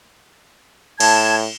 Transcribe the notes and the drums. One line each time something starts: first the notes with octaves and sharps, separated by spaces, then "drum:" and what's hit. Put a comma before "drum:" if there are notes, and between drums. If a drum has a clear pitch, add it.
A2 A5 G#6, drum: cymbal